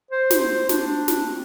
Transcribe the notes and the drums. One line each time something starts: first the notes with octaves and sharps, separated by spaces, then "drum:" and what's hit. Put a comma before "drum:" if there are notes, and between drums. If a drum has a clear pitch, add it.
C5
drum: snare
C5
D4, drum: snare
drum: snare
C4